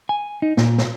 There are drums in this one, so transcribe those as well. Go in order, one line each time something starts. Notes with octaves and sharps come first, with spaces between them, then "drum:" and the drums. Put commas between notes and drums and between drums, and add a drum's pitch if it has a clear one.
G#5
D#4
A#2, drum: snare
drum: snare